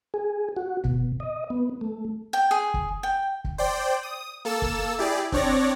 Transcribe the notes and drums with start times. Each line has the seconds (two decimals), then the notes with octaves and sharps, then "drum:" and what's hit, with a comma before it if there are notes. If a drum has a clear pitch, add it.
0.14 G#4
0.56 F#4
0.84 B2, drum: kick
1.20 D#5
1.50 B3
1.81 A3
2.33 G5
2.51 G#4
2.74 drum: kick
3.03 G5
3.44 drum: kick
3.58 C5 D5 G5
4.03 D#6
4.45 A#3 A4 A5 E6 E7
4.62 drum: kick
4.99 E4 G4 G#4 D5
5.32 C4 D4 C#5 D5 A#6, drum: kick